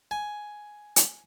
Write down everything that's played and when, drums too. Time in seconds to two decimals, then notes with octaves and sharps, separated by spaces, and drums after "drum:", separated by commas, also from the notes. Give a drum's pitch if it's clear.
0.11 G#5
0.96 drum: hi-hat